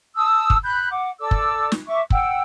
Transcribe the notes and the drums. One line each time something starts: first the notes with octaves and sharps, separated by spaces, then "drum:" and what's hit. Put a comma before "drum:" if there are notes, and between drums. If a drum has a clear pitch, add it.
A5 D#6 E6
drum: kick
B5 F#6 G6
F#5 D6
A4 D5 D6 E6
drum: kick
drum: snare
E5 C#6 D6
F#5 G5 E6, drum: kick